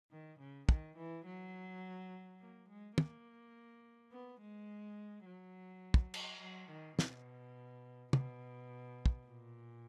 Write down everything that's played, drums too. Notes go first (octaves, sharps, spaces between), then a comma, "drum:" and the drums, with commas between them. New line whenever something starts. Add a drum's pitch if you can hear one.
D#3
C#3
D#3, drum: kick
E3
F#3
A#3
G#3
A#3, drum: tom
B3
G#3
F#3
drum: kick
drum: cymbal
F#3
D#3
B2, drum: snare
B2, drum: tom
drum: kick
A#2